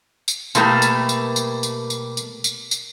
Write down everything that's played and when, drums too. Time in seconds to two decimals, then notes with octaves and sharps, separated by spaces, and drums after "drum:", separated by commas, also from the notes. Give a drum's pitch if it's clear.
0.28 drum: tambourine
0.55 B2 G3 A3 A#3, drum: tambourine
0.82 drum: tambourine
1.09 drum: tambourine
1.36 drum: tambourine
1.63 drum: tambourine
1.90 drum: tambourine
2.17 drum: tambourine
2.44 drum: tambourine
2.71 drum: tambourine